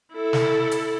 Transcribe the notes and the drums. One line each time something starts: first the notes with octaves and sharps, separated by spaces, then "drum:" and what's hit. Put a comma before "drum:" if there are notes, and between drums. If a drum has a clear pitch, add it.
E4 A4
drum: snare
drum: hi-hat